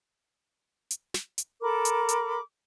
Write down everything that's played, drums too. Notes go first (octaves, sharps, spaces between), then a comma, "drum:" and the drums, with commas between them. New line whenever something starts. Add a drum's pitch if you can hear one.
drum: hi-hat
drum: snare
drum: hi-hat
A4 A#4 B5 D6
drum: hi-hat
drum: hi-hat